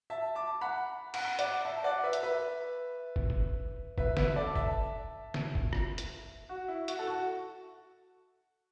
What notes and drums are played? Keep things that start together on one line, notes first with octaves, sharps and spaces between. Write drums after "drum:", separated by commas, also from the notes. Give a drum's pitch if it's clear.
E5 A5
A5 D6
F#5 B5
F#5 B5, drum: cymbal
D5 F#5, drum: hi-hat
E5 A5
D5 F#5
B4 E5
drum: hi-hat
B4 E5
drum: kick
drum: kick
B4 E5, drum: kick
B4 E5, drum: snare
A4 D5
E5 A5, drum: kick
drum: snare
drum: kick
drum: rim click
drum: hi-hat
F#4
E4
F#4, drum: hi-hat
A4
F#4